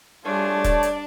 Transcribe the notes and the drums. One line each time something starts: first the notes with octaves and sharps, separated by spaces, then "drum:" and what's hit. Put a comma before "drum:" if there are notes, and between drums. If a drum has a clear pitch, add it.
G3 A3 D4 F4 G#4 C#5
D5 A5, drum: kick, hi-hat
drum: hi-hat